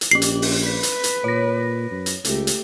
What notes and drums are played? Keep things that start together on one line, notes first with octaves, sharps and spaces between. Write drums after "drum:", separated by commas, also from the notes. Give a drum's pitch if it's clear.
drum: hi-hat
A#1 C#4 G4 C7 F#7
drum: hi-hat
drum: open hi-hat
B4 B6
drum: hi-hat
drum: hi-hat
A#2 C#5 A#6
F#2
drum: hi-hat
C#2 A3 G4, drum: hi-hat
drum: hi-hat